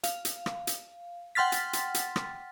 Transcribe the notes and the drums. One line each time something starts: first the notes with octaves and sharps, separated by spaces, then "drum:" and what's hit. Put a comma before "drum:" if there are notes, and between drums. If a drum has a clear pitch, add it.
F5, drum: hi-hat
drum: hi-hat
drum: rim click
drum: hi-hat
F#5 G5 C6 F6 A6 B6
drum: hi-hat
drum: hi-hat
drum: hi-hat
drum: rim click